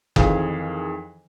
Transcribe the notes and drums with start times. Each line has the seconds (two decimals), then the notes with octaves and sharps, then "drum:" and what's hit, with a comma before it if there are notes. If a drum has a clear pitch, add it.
0.16 F2 D#3 E3 G#4 F5, drum: kick F#1